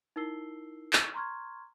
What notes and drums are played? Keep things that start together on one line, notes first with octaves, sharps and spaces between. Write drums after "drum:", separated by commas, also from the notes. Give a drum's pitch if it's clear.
D#4 E4 A#4 E6 C7 G7
drum: clap
A#5 C6 C#6 F6 G#6